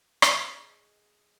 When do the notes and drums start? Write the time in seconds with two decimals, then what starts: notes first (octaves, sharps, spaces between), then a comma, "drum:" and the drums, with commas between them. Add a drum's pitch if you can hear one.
0.22 G#3, drum: rim click